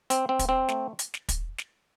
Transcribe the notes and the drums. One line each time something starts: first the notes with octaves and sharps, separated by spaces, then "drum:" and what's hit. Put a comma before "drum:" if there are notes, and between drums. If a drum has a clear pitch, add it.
C4, drum: hi-hat
C4
drum: kick, hi-hat
C4
A3, drum: snare
drum: hi-hat
drum: snare
drum: kick, hi-hat
drum: snare